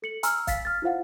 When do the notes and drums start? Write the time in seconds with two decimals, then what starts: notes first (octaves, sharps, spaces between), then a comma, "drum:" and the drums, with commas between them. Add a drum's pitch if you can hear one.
0.02 A4 C#7 F#7
0.23 G#5 A#5 C6 E6 F6, drum: hi-hat
0.47 F5 A6 B6, drum: kick, hi-hat
0.65 F6 A6
0.82 E4 F4 C5 F5 F#5